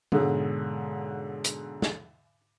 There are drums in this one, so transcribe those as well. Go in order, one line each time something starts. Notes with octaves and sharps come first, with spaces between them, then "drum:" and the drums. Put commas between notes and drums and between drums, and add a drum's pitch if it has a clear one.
B1 G#2 D3, drum: tom G#3
drum: hi-hat
drum: snare